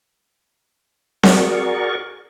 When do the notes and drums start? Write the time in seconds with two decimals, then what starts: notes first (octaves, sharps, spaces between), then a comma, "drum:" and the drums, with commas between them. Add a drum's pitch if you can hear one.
1.23 F#4 G#4 A#4 D5 C#6, drum: snare C4